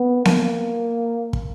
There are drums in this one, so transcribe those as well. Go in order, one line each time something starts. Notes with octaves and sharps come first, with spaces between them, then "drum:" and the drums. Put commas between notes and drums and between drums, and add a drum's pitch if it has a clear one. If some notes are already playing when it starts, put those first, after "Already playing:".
Already playing: B3
A#3, drum: snare B3
drum: kick